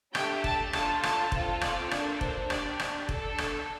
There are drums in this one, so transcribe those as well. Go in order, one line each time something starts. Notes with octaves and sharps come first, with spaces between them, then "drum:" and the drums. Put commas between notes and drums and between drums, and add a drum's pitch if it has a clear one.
A3 D4 G4 G5, drum: rim click
A5, drum: kick F1
D4 F4 A4 A5, drum: rim click
A5, drum: rim click
C4 F4 A4, drum: kick F1
D5, drum: rim click
A#3 D4 A4, drum: rim click
C5, drum: kick F1
D4 G4 D5, drum: rim click
drum: rim click
D4 A4, drum: kick F1
drum: rim click